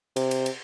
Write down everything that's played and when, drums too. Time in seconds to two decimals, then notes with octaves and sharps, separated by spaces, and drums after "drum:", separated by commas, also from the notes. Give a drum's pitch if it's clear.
0.16 C3, drum: cymbal
0.31 drum: cymbal
0.46 drum: cymbal